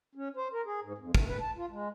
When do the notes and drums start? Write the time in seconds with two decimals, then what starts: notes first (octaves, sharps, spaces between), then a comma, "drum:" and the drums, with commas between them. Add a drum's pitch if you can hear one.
0.15 C#4
0.36 C5
0.53 A#4
0.66 G#4
0.83 G#2
0.98 F2
1.15 A3, drum: kick
1.28 B4
1.41 A5
1.57 F4
1.70 G#3